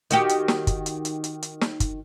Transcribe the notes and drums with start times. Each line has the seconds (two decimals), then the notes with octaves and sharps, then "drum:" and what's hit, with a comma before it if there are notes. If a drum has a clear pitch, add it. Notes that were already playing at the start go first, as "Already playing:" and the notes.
0.11 D#3 F#4 G4, drum: hi-hat
0.29 drum: hi-hat
0.48 drum: snare
0.67 drum: kick, hi-hat
0.86 drum: hi-hat
1.05 drum: hi-hat
1.24 drum: hi-hat
1.43 drum: hi-hat
1.61 drum: snare
1.80 drum: kick, hi-hat